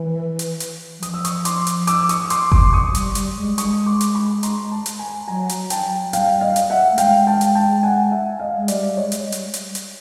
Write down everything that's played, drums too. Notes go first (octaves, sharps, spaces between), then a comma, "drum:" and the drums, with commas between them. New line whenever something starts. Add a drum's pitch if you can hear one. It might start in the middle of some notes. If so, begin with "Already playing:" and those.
Already playing: E3
drum: hi-hat
drum: hi-hat
F#3
F3 D#6, drum: hi-hat
E6
C#6 D#6, drum: hi-hat
C6 D6, drum: hi-hat
drum: hi-hat
D6 E6, drum: hi-hat
C#6 D#6, drum: hi-hat
C6 D6, drum: hi-hat
C6 D6, drum: kick G1
C#6 D#6
G3, drum: hi-hat
G3, drum: hi-hat
G#3
G#3 C#6 D#6, drum: hi-hat
C6 D6
drum: hi-hat
B5 C#6
A#5 C6, drum: hi-hat
A5 B5
drum: hi-hat
G#5 A#5
F#3 G#5 A#5
drum: hi-hat
G5 A5, drum: hi-hat
F#3
G3 F5 G5, drum: hi-hat
D#5 F5
drum: hi-hat
E5 F#5
A3
G#3 F5 G5, drum: hi-hat
G5 A5
drum: hi-hat
G5 A5
F#5 G#5
E5 F#5
D#5 F5
G#3
G3 D5 E5, drum: hi-hat
G#3 C#5 D#5
G3, drum: hi-hat
drum: hi-hat
drum: hi-hat
drum: hi-hat